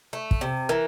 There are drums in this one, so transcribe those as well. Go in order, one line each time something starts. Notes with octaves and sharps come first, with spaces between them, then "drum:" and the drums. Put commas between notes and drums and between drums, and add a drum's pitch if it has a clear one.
A3
drum: kick
C3
E3 A#4